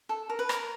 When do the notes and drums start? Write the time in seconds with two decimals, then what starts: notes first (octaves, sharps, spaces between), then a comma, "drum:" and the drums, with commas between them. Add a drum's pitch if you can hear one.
0.09 A4
0.29 A#4
0.39 B4
0.49 A#4, drum: rim click